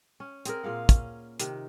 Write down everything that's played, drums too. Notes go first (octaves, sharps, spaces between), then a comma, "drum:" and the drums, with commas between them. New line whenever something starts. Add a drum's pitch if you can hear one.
C#4
C4 G#4 A#4, drum: hi-hat
A#2 G#4 F5 F#5
C#4, drum: kick, hi-hat
C3 D#3, drum: hi-hat